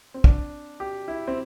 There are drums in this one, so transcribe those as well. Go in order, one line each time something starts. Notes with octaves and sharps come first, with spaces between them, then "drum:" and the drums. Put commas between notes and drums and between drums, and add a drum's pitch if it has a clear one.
C4
D4, drum: kick
G4
E4
C4